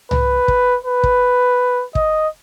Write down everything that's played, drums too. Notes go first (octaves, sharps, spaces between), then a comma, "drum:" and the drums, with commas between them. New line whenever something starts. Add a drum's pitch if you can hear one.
B4, drum: tom C2
drum: kick
B4
drum: kick
D#5, drum: kick